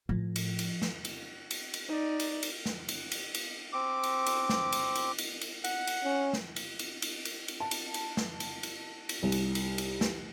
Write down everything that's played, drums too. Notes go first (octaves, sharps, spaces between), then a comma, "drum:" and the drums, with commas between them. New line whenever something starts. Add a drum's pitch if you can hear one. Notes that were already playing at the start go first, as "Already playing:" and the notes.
A2 F3
drum: cymbal
drum: cymbal
drum: snare
drum: cymbal
drum: cymbal
drum: cymbal
D#4 D5
drum: cymbal
drum: cymbal
drum: snare
drum: cymbal
drum: cymbal
drum: cymbal
C4 D6
drum: cymbal
drum: cymbal
drum: snare
drum: cymbal
drum: cymbal
drum: cymbal
drum: cymbal
F#5, drum: cymbal
drum: cymbal
C#4
drum: snare
drum: cymbal
drum: cymbal
drum: cymbal
drum: cymbal
drum: cymbal
A5
drum: cymbal
drum: cymbal
drum: snare
drum: cymbal
drum: cymbal
drum: cymbal
C2
drum: cymbal
drum: cymbal
drum: cymbal
drum: snare